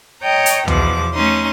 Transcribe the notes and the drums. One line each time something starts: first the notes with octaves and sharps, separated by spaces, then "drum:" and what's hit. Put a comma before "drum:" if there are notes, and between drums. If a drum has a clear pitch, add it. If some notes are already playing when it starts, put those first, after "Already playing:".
C#5 D#5 G5 A#5
drum: hi-hat
E2 B2 F3 D6, drum: tom C2
A3 C#4 D#4 C6